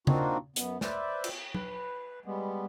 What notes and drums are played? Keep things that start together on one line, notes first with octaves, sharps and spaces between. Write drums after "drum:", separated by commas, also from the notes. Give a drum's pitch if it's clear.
A#3 C4 D4 D#4 F4 F#4, drum: tom C#3
F#2 B3, drum: hi-hat
B4 C5 D5 E5, drum: snare
drum: cymbal
B4, drum: tom F#3
G3 G#3 B3